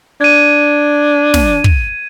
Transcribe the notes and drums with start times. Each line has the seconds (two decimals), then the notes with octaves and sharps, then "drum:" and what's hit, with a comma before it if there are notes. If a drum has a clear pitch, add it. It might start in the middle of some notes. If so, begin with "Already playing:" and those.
0.21 D4 G#6 D#7
1.34 drum: snare
1.64 drum: kick